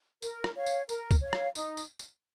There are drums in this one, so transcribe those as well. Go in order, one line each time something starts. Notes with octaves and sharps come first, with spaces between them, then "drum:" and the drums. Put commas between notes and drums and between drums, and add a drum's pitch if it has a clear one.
A#4, drum: tambourine
drum: rim click
C#5 F5
drum: tambourine
A#4, drum: tambourine
drum: kick, tambourine
C#5 F5
drum: rim click
D#4, drum: tambourine
drum: tambourine
drum: tambourine